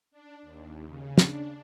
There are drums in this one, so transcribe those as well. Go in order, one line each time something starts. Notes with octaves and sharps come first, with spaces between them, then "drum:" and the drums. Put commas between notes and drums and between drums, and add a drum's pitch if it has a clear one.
D4
D#2
C#3
D4, drum: snare